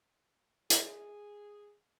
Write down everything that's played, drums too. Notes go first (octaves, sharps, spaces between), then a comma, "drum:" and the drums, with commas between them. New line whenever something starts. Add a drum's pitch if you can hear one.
G#4, drum: hi-hat